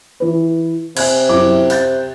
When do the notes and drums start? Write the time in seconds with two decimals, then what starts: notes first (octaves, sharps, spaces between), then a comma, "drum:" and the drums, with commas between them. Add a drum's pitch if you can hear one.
0.20 E3 B4
0.97 C3 G#5 F#6 G#6, drum: cymbal
1.29 F#2 E4 D6
1.70 F#6 G6 A6, drum: open hi-hat